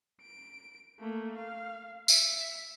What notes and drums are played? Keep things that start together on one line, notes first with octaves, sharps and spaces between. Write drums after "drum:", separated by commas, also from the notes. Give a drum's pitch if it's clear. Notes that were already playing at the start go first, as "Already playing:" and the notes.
D7
A3 A#3
F5
E5, drum: tambourine